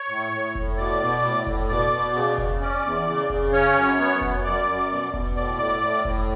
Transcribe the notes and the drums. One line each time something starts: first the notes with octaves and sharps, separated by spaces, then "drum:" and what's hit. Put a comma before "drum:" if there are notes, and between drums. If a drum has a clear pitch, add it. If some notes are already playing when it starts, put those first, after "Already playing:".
Already playing: C#5
A2
A2
A2, drum: kick F1
B2 D5
B2
A2
A2, drum: kick F1
B2 D5
B2
C#3
C#3, drum: kick F1
C#4 D5
E2
C#3
C#3, drum: kick F1
C#4 C#5
F#2
B3
F#2, drum: kick F1
F#2 D5
F#2
B2
B2, drum: kick F1
A2 D5
A2
A2
A2, drum: kick F1